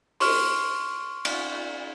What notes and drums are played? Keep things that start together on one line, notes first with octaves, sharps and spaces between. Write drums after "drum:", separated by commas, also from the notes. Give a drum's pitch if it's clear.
C6 C#6 F6, drum: open hi-hat
drum: cymbal